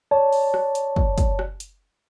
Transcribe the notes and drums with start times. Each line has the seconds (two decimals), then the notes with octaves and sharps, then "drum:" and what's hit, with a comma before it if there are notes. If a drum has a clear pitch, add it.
0.11 C#5 D5 A5
0.33 drum: open hi-hat
0.54 drum: rim click
0.75 drum: hi-hat
0.96 drum: kick
1.18 drum: kick, hi-hat
1.39 drum: rim click
1.60 drum: hi-hat